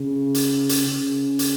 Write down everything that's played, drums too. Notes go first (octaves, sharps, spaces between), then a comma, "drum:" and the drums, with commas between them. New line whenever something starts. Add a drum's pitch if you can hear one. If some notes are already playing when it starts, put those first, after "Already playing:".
Already playing: C#3
drum: hi-hat
drum: hi-hat
C#3
drum: hi-hat